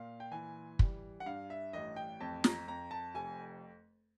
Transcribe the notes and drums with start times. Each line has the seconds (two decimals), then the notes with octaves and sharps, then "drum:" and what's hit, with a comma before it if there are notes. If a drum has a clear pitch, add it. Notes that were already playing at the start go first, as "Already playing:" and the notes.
Already playing: A#2 F5
0.20 G5
0.32 E3 G#5
0.79 G3, drum: kick
1.20 F#5
1.26 G2 F5
1.50 E5
1.73 A1 D#5
1.96 G5
2.20 F2 A5
2.44 A#5, drum: snare
2.68 F2 A#5
2.91 A5
3.15 F1 G#5